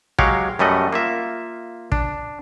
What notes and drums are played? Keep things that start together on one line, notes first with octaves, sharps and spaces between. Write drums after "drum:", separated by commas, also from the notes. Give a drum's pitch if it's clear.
F#3 G#3 G4 C#5 F5 F#5, drum: kick
F#2 G3 A3 D#5 F#5
A#3 F4 E5
D4, drum: kick